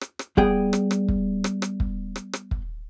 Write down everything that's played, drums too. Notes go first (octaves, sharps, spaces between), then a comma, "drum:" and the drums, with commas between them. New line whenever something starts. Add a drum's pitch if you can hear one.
drum: rim click
drum: rim click
G3 B3 G#4 G5, drum: kick
drum: rim click
drum: rim click
drum: kick
drum: rim click
drum: rim click
drum: kick
drum: rim click
drum: rim click
drum: kick